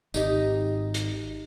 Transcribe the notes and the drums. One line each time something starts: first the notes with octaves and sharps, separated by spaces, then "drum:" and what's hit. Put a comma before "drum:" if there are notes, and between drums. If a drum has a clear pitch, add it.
G#1 D#4 G4 D#5, drum: tambourine
drum: hi-hat